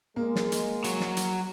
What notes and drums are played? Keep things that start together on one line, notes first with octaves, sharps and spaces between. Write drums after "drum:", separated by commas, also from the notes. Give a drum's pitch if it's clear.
G#3 A#3
drum: snare
drum: hi-hat
F#3 C#5, drum: hi-hat
drum: snare
drum: hi-hat